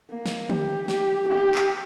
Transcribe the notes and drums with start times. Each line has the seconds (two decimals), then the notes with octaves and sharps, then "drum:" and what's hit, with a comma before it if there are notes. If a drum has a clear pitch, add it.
0.10 A#3
0.26 drum: snare
0.50 G4, drum: tom
0.88 G4, drum: snare
1.28 G4
1.55 drum: clap